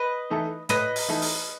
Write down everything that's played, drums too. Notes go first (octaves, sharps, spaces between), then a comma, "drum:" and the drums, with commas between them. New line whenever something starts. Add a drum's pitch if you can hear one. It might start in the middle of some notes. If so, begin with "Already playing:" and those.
Already playing: B4 D#5
E3 A3 D#4 A4
A2 B4 D#5, drum: hi-hat
drum: open hi-hat
E3 A3 D#4 A4
drum: open hi-hat